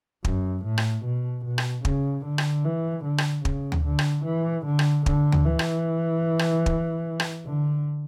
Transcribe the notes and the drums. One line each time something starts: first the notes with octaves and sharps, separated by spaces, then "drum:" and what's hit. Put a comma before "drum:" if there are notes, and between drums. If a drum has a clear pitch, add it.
F#2, drum: kick
A2
drum: rim click
B2
B2
drum: rim click
C#3, drum: kick
D3
drum: rim click
E3
D3
drum: rim click
C#3, drum: kick
drum: tom D2
D3
drum: rim click
E3
D3
drum: rim click
D3, drum: kick
drum: tom D2
E3
drum: rim click
drum: rim click
drum: kick
drum: rim click
D3